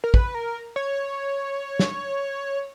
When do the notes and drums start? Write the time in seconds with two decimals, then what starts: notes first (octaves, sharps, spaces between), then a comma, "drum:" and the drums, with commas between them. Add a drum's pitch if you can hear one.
0.04 A#4
0.14 B4, drum: kick
0.35 A#4
0.76 C#5
1.79 drum: snare